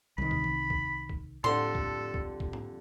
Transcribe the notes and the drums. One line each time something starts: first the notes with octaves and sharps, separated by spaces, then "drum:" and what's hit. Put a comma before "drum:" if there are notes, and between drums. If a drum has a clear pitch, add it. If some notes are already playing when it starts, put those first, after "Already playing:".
C2 D#3 B5
drum: kick
drum: tom E3
drum: kick
drum: kick
F2 A2 D3 G3 A4 C6
drum: kick
drum: kick
drum: kick
drum: tom